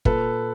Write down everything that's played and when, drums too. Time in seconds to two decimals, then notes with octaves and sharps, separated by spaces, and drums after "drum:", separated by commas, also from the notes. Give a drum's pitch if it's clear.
0.05 A#2 A4 B4, drum: kick